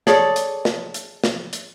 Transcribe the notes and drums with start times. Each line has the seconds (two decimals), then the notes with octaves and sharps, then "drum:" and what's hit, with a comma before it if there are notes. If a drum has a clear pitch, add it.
0.07 G#4 A4 C#5 D5, drum: snare
0.36 drum: hi-hat
0.65 drum: snare
0.94 drum: hi-hat
1.24 drum: snare
1.53 drum: hi-hat